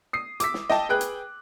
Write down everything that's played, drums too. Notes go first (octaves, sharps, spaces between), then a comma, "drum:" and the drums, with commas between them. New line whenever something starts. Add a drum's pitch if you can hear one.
D#6 C7
D6 E6 B6, drum: hi-hat
drum: snare
D#5 G5 A5, drum: snare
G#4 B4 G5 F#6
drum: hi-hat